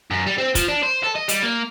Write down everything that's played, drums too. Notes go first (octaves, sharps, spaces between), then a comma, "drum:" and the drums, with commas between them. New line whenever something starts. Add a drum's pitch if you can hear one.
F#2
G3
C4
F3, drum: kick, hi-hat
D4
C5
A4
D#5
G3, drum: hi-hat
A#3